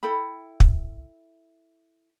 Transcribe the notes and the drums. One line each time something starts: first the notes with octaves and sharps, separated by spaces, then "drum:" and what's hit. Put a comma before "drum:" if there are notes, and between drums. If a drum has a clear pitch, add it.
E4 A4 G5 B5
drum: kick